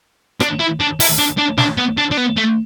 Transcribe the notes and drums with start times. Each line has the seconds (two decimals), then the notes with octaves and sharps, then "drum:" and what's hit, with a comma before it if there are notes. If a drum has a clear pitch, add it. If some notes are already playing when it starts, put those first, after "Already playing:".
0.40 D4, drum: rim click
0.59 E4
0.80 D4
1.00 E4, drum: open hi-hat
1.18 D4
1.38 D4
1.58 D4, drum: snare
1.77 B3
1.97 D4
2.11 D4
2.17 B3
2.37 A3